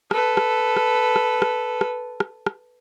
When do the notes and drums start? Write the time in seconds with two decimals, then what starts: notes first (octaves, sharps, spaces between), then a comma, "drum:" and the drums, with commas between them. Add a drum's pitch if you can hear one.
0.11 A4 B4, drum: rim click
0.37 drum: rim click
0.77 drum: rim click
1.16 drum: rim click
1.42 drum: rim click
1.81 drum: rim click
2.20 drum: rim click
2.47 drum: rim click